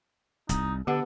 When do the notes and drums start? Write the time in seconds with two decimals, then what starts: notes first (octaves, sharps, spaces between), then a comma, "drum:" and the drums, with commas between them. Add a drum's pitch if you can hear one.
0.49 C2 D#4, drum: kick, hi-hat
0.87 D3 B3 G4 A4 F#5